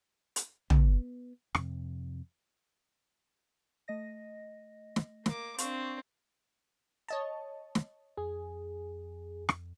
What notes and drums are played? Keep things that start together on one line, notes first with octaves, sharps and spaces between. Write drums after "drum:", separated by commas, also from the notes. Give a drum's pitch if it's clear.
drum: hi-hat
B3, drum: tom
F2 C3, drum: rim click
A3 D#5 A#6
drum: snare
A#3 D6, drum: snare
C4 D4 F5 C#6, drum: hi-hat
C#5 D#5 A5
drum: snare
F2 G#4
drum: rim click